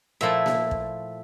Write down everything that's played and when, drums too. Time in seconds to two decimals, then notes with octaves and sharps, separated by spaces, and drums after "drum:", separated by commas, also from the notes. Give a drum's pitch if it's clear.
0.21 A#2 F3 A3 E4 E5
0.46 drum: snare A#3
0.71 drum: kick